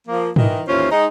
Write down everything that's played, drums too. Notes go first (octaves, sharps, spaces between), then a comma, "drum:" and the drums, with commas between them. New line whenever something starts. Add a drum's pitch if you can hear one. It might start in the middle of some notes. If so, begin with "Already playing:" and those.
F3 A#3
D#3 E3, drum: tom G#2
D#2 E3 C#4 F4 C5
G#3 D#4